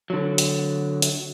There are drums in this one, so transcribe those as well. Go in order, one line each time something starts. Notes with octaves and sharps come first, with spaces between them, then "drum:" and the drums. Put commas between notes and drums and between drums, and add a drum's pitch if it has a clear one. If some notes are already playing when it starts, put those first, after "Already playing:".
D3 F#3
drum: hi-hat
drum: hi-hat